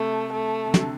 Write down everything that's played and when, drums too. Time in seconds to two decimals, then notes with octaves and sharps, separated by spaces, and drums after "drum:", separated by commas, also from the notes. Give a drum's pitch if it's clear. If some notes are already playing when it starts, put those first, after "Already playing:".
Already playing: C3 A3
0.33 A3
0.66 C3
0.74 D3, drum: snare